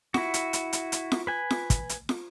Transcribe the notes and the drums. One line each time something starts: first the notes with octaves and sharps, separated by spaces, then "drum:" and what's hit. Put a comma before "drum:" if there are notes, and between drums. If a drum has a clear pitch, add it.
E4 F#4, drum: snare
drum: hi-hat
drum: hi-hat
drum: hi-hat
drum: hi-hat
drum: snare
B4 G#5
drum: snare
drum: kick, hi-hat
drum: hi-hat
drum: snare